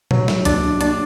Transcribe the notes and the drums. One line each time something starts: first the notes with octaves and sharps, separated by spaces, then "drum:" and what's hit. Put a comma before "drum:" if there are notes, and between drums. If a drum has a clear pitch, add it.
F#3, drum: tom A#2
drum: snare
D4, drum: kick, hi-hat
D4, drum: hi-hat